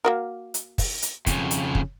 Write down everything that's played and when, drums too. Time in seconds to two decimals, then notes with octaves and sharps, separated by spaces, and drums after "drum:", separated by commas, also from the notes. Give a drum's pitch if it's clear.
0.05 A#3 F#4 A#4
0.54 drum: hi-hat
0.78 drum: kick, open hi-hat
1.02 drum: hi-hat
1.26 F2 C#3, drum: kick, hi-hat
1.51 drum: hi-hat
1.75 drum: kick